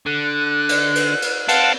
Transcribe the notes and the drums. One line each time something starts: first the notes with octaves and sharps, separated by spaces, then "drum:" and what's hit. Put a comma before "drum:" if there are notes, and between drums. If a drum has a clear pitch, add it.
D3 F#6
drum: cymbal
drum: cymbal
drum: cymbal
C4 F5 F#5 A5, drum: cymbal